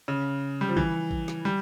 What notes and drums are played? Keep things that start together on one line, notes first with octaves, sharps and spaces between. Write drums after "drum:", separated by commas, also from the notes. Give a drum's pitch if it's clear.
C#3
G3
F3
E3, drum: kick
drum: kick
drum: snare
G3